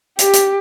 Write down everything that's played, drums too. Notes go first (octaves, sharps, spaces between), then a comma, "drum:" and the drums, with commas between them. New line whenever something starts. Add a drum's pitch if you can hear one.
G4, drum: hi-hat
drum: hi-hat